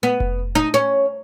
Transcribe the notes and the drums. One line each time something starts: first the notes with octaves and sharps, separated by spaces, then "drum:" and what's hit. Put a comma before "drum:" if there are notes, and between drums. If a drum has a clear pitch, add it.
B3
drum: kick F1
D#4
C#4